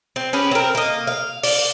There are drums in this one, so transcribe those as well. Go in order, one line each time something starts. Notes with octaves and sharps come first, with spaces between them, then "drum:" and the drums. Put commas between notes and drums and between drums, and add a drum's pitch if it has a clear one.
C4
C#4 G4 G#4 B4
C4 A#4
A#3 D#5
F5
D5, drum: open hi-hat